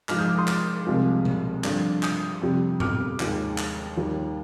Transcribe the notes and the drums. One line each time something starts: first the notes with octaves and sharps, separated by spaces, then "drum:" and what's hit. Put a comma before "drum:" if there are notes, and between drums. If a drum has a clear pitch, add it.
G#2 F3 G#3 D6 F6, drum: clap
D#6 G6
D6 F6
C6 D#6
D6 F6, drum: clap
C2 C3 F3 G#3
drum: tom B2
G2 D3 F3, drum: clap
D#6 G6, drum: clap
F2 C3 G3
D6 F6, drum: tom G#2
D#2 D#3 G#3, drum: clap
drum: clap
D#2 D#3 G3